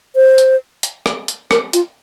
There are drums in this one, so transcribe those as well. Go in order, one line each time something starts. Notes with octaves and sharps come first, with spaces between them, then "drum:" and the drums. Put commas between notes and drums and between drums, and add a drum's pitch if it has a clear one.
C5
drum: hi-hat
drum: hi-hat
drum: rim click
drum: hi-hat
A#4, drum: rim click
F4, drum: hi-hat